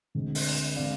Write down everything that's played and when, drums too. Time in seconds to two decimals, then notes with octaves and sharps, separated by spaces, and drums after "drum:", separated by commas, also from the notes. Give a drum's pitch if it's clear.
0.15 D2 D3 G#3 C4
0.35 drum: open hi-hat
0.49 drum: cymbal
0.76 D3 G#3 C4 D5 F5